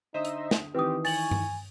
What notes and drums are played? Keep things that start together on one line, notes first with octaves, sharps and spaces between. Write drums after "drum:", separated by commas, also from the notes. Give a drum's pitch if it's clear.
D3 D#4 C5 D#5 E5 D#6
drum: hi-hat
drum: snare
D#3 E3 C4 G4 B4 D#6
G#5 C#6 A6 F#7, drum: open hi-hat
drum: tom G2